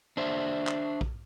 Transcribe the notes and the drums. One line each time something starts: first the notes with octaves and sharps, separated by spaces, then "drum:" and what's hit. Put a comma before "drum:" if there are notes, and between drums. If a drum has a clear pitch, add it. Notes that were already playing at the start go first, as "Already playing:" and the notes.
D4 C5 E5
drum: clap
drum: kick